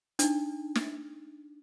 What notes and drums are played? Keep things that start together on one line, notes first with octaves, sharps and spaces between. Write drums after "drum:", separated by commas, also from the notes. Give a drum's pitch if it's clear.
D4 D#4, drum: hi-hat
drum: snare